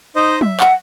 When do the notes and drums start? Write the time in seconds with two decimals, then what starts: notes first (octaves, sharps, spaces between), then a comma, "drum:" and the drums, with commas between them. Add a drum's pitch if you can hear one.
0.16 D#4 C5 D#5
0.41 E5, drum: tom F#3
0.60 F#5, drum: clap